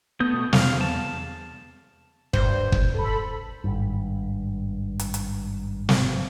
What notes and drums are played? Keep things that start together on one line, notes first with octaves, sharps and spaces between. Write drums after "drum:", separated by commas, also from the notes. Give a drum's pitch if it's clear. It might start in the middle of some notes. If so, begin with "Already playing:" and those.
A3 B3 D#6 G6
B2
E2 D3 F5, drum: snare
A5
G2 C5, drum: kick
drum: kick
A4 B5
G#1 G2
drum: hi-hat
drum: hi-hat
drum: snare